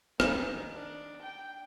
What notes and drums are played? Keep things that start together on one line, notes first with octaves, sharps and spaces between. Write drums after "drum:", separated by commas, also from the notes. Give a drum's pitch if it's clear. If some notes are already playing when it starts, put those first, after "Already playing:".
D#3, drum: rim click
D4
G5